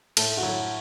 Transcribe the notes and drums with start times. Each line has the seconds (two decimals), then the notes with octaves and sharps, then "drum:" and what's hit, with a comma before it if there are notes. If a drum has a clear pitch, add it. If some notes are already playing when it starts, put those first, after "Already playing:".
0.17 A2 A4, drum: cymbal
0.37 F#4
0.43 F#3 E4